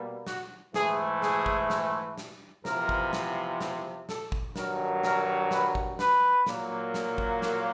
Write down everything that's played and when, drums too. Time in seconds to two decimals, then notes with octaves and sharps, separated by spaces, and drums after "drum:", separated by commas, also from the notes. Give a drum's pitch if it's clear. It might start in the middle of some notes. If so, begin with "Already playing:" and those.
Already playing: B2 G3 A#3
0.27 F#4, drum: snare
0.74 G#2 E3 A3 G#4, drum: snare
1.22 G#4, drum: snare
1.46 drum: kick
1.70 drum: snare
2.18 drum: snare
2.65 E2 C3 F3 A#4, drum: snare
2.89 drum: kick
3.13 drum: snare
3.61 drum: snare
4.09 A4, drum: snare
4.32 drum: kick
4.56 G2 D#3 F#3 A#4, drum: snare
5.03 A#4, drum: snare
5.51 B4, drum: snare
5.75 drum: kick
5.99 B4, drum: snare
6.46 A#2 F#3 A#3, drum: snare
6.94 drum: snare
7.18 drum: kick
7.42 A#4, drum: snare